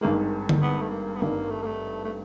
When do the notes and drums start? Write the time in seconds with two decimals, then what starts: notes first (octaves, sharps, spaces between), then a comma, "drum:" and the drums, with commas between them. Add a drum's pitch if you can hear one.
0.01 G#1 G2 D#3 G#3 A#3
0.49 drum: tom D3
0.62 B3
0.81 A3
0.90 A#3
1.15 B3
1.21 G#1 G2 D#3 G3 A#3
1.50 A3
1.62 A#3
1.65 A3
2.04 A3